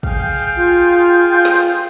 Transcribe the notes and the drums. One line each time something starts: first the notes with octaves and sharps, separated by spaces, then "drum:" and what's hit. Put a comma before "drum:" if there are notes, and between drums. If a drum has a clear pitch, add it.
G#4 F5 G5, drum: kick
F4
drum: snare